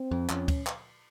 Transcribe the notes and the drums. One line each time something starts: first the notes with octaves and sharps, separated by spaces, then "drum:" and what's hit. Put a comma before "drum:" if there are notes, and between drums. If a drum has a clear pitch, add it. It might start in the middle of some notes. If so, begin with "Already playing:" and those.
Already playing: C4
F2
F2 C#4, drum: clap
drum: kick, cymbal
drum: clap